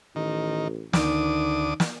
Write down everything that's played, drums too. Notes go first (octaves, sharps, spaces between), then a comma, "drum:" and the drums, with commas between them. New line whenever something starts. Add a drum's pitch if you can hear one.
A1 D#3
D2 D#3 D5 D#6, drum: snare
drum: snare